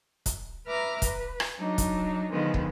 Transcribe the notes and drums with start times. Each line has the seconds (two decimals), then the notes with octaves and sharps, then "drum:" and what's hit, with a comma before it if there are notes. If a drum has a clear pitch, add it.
0.26 drum: kick, hi-hat
0.66 B4 E5 A#5 D6 F6
1.02 B4, drum: kick, hi-hat
1.40 drum: rim click
1.57 F#3 D4 D#4
1.78 drum: kick, hi-hat
2.31 D3 D#3 F3 G#3 B3
2.54 drum: kick